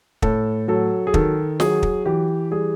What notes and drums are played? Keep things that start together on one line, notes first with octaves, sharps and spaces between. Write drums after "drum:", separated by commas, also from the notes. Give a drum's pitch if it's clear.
A2 A4, drum: kick
F#3 A4
G#4
D#3 A4, drum: kick
F#3 G#4, drum: snare
drum: kick
E3 G4
G3 G#4